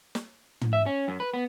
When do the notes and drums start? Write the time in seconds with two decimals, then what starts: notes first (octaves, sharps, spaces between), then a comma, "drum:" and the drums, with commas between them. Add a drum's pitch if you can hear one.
0.15 drum: snare
0.61 drum: tom
0.73 E5
0.86 C#4
1.08 F#2
1.20 B4
1.34 B3